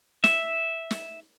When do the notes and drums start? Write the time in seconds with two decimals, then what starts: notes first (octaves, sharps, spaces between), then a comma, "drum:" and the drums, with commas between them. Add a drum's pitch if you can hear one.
0.24 E5, drum: snare
0.91 drum: snare